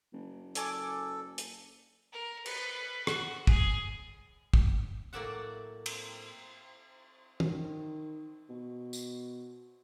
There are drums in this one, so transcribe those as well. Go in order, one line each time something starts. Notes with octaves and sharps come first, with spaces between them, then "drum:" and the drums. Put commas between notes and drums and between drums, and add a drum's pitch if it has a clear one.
F#1
A4 D5 G#5 D6, drum: hi-hat
drum: hi-hat
A#4
B4, drum: cymbal
F#4, drum: rim click
G#4, drum: kick
drum: kick
A2 F#3 A#3 D5 E5 F#5
drum: cymbal
D#3, drum: tom
B2
drum: tambourine